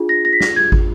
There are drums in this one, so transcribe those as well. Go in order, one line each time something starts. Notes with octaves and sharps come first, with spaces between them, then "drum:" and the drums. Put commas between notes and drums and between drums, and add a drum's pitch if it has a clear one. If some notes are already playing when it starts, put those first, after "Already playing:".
Already playing: D4 F4 G#4
A#6
A#6
B6
A#6, drum: snare
G#6
drum: kick